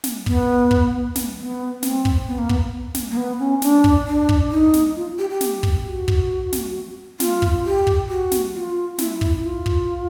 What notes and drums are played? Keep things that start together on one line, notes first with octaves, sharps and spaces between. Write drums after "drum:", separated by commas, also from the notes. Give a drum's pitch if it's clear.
drum: snare
B3, drum: kick
drum: kick
drum: snare
B3
C4, drum: snare
drum: kick
B3
A#3
B3, drum: kick
drum: snare
A#3
B3
C#4
D4, drum: snare
drum: kick
D4
drum: kick
D#4
drum: snare
F4
G4
G4
drum: snare
drum: kick
F#4
drum: kick
drum: snare
F4, drum: snare
drum: kick
G4
drum: kick
F#4
drum: snare
F4
E4, drum: snare
E4, drum: kick
F4
drum: kick